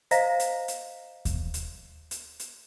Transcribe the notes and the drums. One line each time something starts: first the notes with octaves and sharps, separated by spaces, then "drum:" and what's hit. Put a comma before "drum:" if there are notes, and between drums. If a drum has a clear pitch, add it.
C5 D#5 F5 A#5 A#6 B6, drum: hi-hat
drum: hi-hat
drum: hi-hat
drum: kick D#2, hi-hat
drum: hi-hat
drum: hi-hat
drum: hi-hat